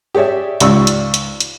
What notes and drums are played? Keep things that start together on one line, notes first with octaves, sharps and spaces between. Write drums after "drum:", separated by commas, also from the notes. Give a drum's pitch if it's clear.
G4 G#4 C#5 D5 E5
C#2 G#2 G4 D5 C#6 E6, drum: hi-hat
drum: hi-hat
drum: hi-hat
drum: hi-hat